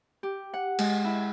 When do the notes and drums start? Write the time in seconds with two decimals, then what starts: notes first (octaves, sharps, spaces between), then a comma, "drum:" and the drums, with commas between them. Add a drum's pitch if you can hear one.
0.23 G4
0.54 F#5
0.79 G#3, drum: cymbal
1.05 E4